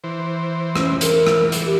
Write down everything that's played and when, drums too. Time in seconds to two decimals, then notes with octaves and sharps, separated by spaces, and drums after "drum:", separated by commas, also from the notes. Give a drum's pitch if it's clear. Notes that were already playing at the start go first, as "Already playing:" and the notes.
0.04 E3 C5
0.76 C#4, drum: rim click
1.01 E3 A#4, drum: hi-hat
1.27 drum: rim click
1.52 drum: hi-hat
1.65 G4